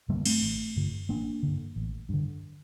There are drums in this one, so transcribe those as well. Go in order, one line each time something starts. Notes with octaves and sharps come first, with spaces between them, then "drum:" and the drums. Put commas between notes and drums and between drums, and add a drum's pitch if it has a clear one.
G2 D3 G3 A#3
A3 C4, drum: cymbal
A1
G2 D3
A1 A#3 D4
G2 D3
A1
G2 D3